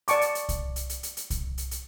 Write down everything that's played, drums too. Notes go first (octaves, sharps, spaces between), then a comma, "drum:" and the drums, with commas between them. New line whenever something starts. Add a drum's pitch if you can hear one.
D5 A5 C#6 D6, drum: hi-hat
drum: hi-hat
drum: hi-hat
drum: kick C2, hi-hat
drum: hi-hat
drum: hi-hat
drum: hi-hat
drum: hi-hat
drum: kick C2, hi-hat
drum: hi-hat
drum: hi-hat